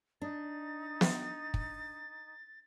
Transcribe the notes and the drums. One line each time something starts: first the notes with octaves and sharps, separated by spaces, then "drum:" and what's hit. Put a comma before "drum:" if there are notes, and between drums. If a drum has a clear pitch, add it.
D4 D#4 A6
drum: snare
drum: kick